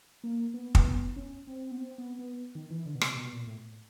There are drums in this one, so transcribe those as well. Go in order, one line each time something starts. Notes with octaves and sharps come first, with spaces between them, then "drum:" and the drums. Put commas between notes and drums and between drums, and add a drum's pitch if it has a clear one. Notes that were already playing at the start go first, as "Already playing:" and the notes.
A#3
B3
drum: kick
C#4
C4
B3
C4
B3
B3
D#3
E3
D3
B2
C3, drum: rim click
B2
A#2
A2